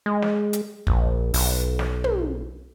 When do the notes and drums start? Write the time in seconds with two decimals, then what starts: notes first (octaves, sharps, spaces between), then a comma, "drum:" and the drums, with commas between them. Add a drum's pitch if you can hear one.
0.06 G#3
0.22 drum: snare
0.53 drum: hi-hat
0.87 A#1, drum: kick
1.34 B1, drum: open hi-hat
1.79 drum: snare
2.04 drum: tom